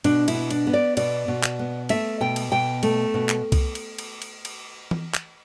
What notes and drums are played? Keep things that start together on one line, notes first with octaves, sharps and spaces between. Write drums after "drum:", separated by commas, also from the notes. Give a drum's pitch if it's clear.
B2 D4, drum: cymbal
E4, drum: cymbal
B3
D4, drum: cymbal
B3
D5
B2 D5, drum: cymbal
B2
drum: clap
B3
A3 E5, drum: cymbal
B2 G5
drum: cymbal
B2 G5
A3, drum: cymbal
B2
drum: clap
drum: kick C2, cymbal
drum: cymbal
drum: cymbal
drum: cymbal
drum: cymbal
drum: tom E3
drum: clap